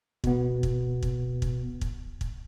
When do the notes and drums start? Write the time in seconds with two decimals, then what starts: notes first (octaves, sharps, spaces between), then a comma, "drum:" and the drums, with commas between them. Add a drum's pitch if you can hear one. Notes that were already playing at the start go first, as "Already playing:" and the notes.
0.24 B2 B3, drum: kick
0.63 drum: kick
1.03 drum: kick
1.42 drum: kick
1.81 drum: kick
2.21 drum: kick